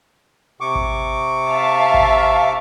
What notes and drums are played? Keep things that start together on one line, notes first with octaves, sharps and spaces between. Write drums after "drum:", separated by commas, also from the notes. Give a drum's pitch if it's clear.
C3 C#6 D6
drum: kick G#1
E5 F5 A5
drum: kick G#1